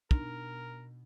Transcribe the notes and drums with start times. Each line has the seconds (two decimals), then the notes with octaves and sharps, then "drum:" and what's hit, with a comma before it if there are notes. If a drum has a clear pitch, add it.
0.11 B2 D4 D#4 A#4, drum: kick